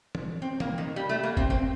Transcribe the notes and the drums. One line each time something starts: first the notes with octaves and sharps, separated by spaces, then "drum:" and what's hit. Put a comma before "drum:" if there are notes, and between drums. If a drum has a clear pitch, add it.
drum: tom
C4
A#3, drum: tom
D#3
G3
A3
A#3
C4, drum: kick
C4